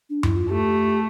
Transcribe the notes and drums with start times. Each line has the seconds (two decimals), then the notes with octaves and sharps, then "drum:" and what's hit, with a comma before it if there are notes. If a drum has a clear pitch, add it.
0.10 D4
0.23 E4, drum: tom F#2
0.36 F4
0.50 A3 G4